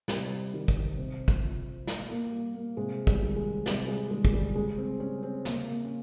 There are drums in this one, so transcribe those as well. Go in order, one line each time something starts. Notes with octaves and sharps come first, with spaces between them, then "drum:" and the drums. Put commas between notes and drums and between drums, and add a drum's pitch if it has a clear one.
C3 G3, drum: snare
D#3 G3
drum: kick
C3
drum: kick
F3
A#2, drum: snare
A#3
G3
A#3
C3 G#3
G3, drum: kick
D#3 G3
G#3
C3 G3, drum: snare
G#3
D#3 G3 G#3
G#3, drum: kick
G3
C#3 G#3
C4
G3 C#4
C4
C#3 A#3, drum: snare
A#3
C#4